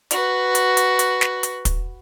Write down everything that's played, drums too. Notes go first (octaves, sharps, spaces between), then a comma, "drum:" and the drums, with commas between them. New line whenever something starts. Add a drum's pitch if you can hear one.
F#4 B4, drum: hi-hat
drum: hi-hat
drum: hi-hat
drum: hi-hat
drum: snare
drum: hi-hat
drum: kick, hi-hat